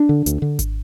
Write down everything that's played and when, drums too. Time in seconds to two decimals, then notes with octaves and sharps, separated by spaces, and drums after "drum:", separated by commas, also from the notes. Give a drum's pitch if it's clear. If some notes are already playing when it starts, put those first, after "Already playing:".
Already playing: D4
0.09 D3
0.26 D2, drum: hi-hat
0.42 D3
0.59 drum: kick G#1, hi-hat